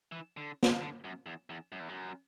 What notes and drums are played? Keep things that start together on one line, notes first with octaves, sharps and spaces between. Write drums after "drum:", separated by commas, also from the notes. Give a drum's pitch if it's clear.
E3
D3
drum: snare
D3
F#2
E2
E2
F#2
E2
F#2